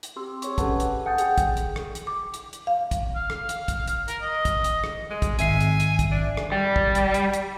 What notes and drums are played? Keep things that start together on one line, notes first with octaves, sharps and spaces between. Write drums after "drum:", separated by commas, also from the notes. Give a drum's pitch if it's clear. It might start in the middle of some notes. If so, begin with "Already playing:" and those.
drum: hi-hat
C4 G4 C6 E6
G#4 C#5 C#6, drum: hi-hat
C#4 G4 A4 B4 F#5 A5, drum: kick, hi-hat
drum: hi-hat
F#5 G#5 D#6 G6 A6
G#4 G5, drum: hi-hat
drum: kick, hi-hat
drum: hi-hat
drum: rim click
drum: hi-hat
D6
drum: hi-hat
drum: hi-hat
F5
drum: kick, hi-hat
F5
drum: rim click
drum: hi-hat
drum: kick, hi-hat
drum: hi-hat
A#4, drum: hi-hat
D#5
drum: kick, hi-hat
drum: hi-hat
drum: rim click
G#3
drum: kick, hi-hat
G#1 E5 G#5 C7, drum: hi-hat
drum: hi-hat
drum: hi-hat
drum: kick, hi-hat
D4
drum: rim click
G3
drum: kick
drum: hi-hat
drum: hi-hat
drum: hi-hat